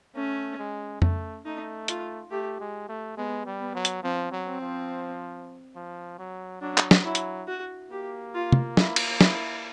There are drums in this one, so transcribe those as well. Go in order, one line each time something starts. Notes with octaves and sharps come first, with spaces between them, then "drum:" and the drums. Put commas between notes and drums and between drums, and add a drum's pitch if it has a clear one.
A3 C#4
G#3
A3, drum: tom F2
A3 D#4
F4, drum: hi-hat
A3 G4
G#3
A3
G#3 B3
G3
B3
F#3
drum: hi-hat
F3 C4
F#3
C4
F3
F3
F#3
F#3 D4
drum: clap
drum: snare
F#3 E4
drum: hi-hat
F#4
A#3 G4
F4
drum: tom
E4, drum: snare
drum: cymbal
E4, drum: snare